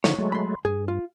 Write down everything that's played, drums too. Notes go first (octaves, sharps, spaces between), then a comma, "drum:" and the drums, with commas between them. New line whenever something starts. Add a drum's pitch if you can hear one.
D3 F3 C#5, drum: snare
F#3 G#3 A3
B5 C6
G2 G#4
F4